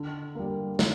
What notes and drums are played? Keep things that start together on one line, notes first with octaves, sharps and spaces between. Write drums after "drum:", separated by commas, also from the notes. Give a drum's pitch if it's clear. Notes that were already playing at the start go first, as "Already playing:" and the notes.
Already playing: D3
G3 A#3
D#3, drum: snare